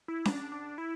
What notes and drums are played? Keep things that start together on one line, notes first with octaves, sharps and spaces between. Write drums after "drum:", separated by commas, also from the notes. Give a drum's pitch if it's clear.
E4
D4, drum: snare C#4
D4
E4